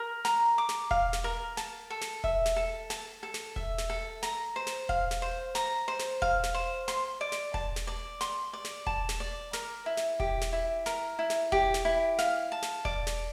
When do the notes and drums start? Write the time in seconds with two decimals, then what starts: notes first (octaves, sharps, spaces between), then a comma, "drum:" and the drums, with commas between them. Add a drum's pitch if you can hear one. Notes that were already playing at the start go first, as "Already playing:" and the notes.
Already playing: A#4
0.25 A#5, drum: snare
0.58 D6
0.69 drum: snare
0.91 F5, drum: kick E1
1.13 drum: snare
1.24 A#4
1.57 A5, drum: snare
1.90 A4
2.01 drum: snare
2.24 E5, drum: kick E1
2.46 drum: snare
2.56 A4
2.90 A5, drum: snare
3.23 A4
3.34 drum: snare
3.56 E5, drum: kick E1
3.78 drum: snare
3.90 A4
4.23 A#5, drum: snare
4.56 C5
4.67 drum: snare
4.89 F5, drum: kick E1
5.11 drum: snare
5.22 C5
5.55 A#5, drum: snare
5.88 C5
5.99 drum: snare
6.22 F5, drum: kick E1
6.43 drum: snare
6.54 C5
6.88 C6, drum: snare
7.21 D5
7.32 drum: snare
7.54 A5, drum: kick E1
7.76 drum: snare
7.87 D5
8.21 C6, drum: snare
8.53 D5
8.65 drum: snare
8.86 A5, drum: kick E1
9.09 drum: snare
9.20 D5
9.53 A#4, drum: snare
9.86 E4
9.97 drum: snare
10.20 G4, drum: kick E1
10.41 drum: snare
10.53 E4
10.86 A#4, drum: snare
11.19 E4
11.30 drum: snare
11.52 G4, drum: kick E1
11.74 drum: snare
11.85 E4
12.18 F5, drum: snare
12.52 A5
12.62 drum: snare
12.85 D5, drum: kick E1
13.07 drum: snare